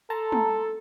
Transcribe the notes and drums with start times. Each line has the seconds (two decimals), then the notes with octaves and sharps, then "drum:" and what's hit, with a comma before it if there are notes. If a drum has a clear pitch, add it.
0.10 A4 A5 A#5 C6
0.32 drum: tom